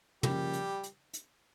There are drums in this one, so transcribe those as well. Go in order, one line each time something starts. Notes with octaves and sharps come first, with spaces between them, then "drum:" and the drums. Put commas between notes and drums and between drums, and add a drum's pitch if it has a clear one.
C#3 F3 G3 A#3 G4, drum: tom
drum: hi-hat
drum: hi-hat
drum: hi-hat